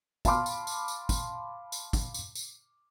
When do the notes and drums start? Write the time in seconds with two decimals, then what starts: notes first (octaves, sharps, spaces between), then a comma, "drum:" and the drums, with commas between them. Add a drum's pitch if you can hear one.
0.25 F5 A5 B5 C6 D6 F6, drum: kick, tambourine
0.46 drum: tambourine
0.67 drum: tambourine
0.88 drum: tambourine
1.09 drum: kick, tambourine
1.72 drum: tambourine
1.93 drum: kick, tambourine
2.14 drum: tambourine
2.35 drum: tambourine